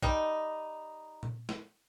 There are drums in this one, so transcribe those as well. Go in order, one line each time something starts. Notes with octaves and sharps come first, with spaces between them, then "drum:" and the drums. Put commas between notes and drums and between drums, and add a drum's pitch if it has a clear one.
G3 D#4, drum: kick
drum: tom A#2
drum: snare